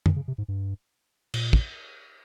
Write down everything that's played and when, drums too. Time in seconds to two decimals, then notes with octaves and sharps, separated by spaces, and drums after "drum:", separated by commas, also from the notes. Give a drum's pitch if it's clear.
0.06 D#3, drum: tom
0.16 C#3
0.28 C3
0.38 G#2
0.48 G2
1.34 A#2, drum: cymbal
1.53 drum: kick